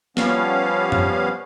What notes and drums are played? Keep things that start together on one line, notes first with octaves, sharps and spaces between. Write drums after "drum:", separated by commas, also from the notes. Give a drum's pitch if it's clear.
F3 G3 B3 C#4 F5, drum: snare A#3
drum: tom